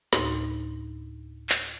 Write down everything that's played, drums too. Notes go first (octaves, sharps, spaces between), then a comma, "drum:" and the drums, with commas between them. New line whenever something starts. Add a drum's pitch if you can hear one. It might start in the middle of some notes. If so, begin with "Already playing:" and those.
D2 A2 D#4 C6, drum: snare
drum: clap